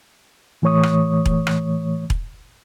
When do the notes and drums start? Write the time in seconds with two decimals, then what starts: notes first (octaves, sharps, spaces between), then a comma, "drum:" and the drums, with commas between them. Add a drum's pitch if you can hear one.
0.62 A2 E3 A3 C#5 C#6 D#6
0.83 drum: rim click
1.26 drum: kick E1
1.47 drum: rim click
2.10 drum: kick E1